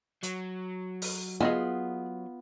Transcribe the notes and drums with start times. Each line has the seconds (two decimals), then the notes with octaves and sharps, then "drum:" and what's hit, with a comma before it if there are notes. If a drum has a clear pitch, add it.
0.23 F#3, drum: hi-hat
1.02 drum: open hi-hat
1.41 B3 F4 G#4 D#5 G#5